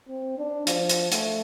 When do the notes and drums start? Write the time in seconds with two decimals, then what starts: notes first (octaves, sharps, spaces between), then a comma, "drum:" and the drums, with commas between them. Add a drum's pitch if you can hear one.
0.08 C4
0.38 D4
0.67 F3, drum: hi-hat
0.89 drum: hi-hat
1.12 A3, drum: hi-hat